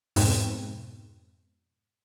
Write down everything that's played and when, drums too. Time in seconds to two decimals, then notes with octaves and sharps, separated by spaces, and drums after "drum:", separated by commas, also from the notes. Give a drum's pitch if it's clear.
0.16 F2 G#2 B2 C4, drum: open hi-hat